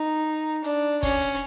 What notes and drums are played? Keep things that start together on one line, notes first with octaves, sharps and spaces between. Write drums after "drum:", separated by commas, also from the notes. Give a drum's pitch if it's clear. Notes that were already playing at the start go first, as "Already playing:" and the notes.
Already playing: D#4
D4, drum: hi-hat
C#4, drum: kick, open hi-hat
drum: hi-hat